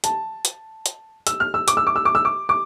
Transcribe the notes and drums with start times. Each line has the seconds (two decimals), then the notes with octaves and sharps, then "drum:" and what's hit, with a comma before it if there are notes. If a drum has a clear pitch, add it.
0.04 A5, drum: hi-hat
0.45 drum: hi-hat
0.86 drum: hi-hat
1.27 E6, drum: hi-hat
1.40 F6
1.54 E6
1.68 D6, drum: hi-hat
1.77 E6
1.87 D6
1.96 E6
2.05 D6
2.15 E6
2.25 D6
2.49 D6